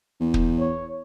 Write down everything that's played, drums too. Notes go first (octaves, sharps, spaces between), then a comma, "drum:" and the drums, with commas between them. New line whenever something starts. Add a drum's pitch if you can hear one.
E2
drum: kick
C#5